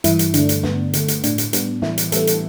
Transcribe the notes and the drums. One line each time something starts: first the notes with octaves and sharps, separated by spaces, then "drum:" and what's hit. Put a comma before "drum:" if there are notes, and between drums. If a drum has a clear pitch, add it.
G2 E3 E4, drum: hi-hat
drum: hi-hat
D3 A3 D4, drum: hi-hat
drum: hi-hat
G2 B3, drum: snare
D3 A3, drum: hi-hat
drum: hi-hat
A2 D4, drum: hi-hat
drum: hi-hat
G3 B3 D4, drum: hi-hat
A2 E3 E4, drum: snare
drum: hi-hat
G3 A3 B3 A4, drum: hi-hat
drum: hi-hat